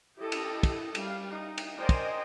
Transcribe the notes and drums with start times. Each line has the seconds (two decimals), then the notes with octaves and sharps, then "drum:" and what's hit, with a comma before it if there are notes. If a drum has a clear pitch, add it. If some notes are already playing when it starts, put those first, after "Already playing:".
0.18 E4 G4 A4 D#5
0.32 drum: cymbal
0.63 drum: kick, cymbal
0.95 G3 F5, drum: cymbal
1.29 D#4
1.58 drum: cymbal
1.76 A#4 C5 D5 D#5 G5 G#5
1.89 drum: kick, cymbal